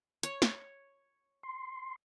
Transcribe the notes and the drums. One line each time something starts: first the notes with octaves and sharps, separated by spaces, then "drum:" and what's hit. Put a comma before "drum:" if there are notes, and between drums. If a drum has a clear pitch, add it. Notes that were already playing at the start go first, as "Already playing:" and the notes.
C#5, drum: hi-hat
drum: snare
C6